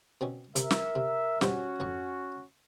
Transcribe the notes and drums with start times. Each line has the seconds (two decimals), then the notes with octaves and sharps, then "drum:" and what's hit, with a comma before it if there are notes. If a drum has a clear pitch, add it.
0.21 B2 C4 C#4
0.56 C3 A#4 E5, drum: hi-hat
0.71 drum: snare
0.96 C3
1.41 B2 G3 C#4 F#4 C5, drum: snare
1.80 F2 A2 C#6